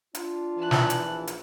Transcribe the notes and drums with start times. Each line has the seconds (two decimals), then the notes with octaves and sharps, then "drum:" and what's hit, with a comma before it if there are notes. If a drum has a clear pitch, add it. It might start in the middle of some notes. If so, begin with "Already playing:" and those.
0.15 D4 F4, drum: hi-hat
0.58 E3 A5 F#6
0.71 drum: snare
0.90 drum: hi-hat
1.01 A#1
1.27 drum: hi-hat